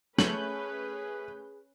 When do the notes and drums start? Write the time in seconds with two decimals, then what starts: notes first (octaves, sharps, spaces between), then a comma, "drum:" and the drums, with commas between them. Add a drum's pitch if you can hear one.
0.19 A3 C#4 G#4 B4 C#5 G6 F#7, drum: snare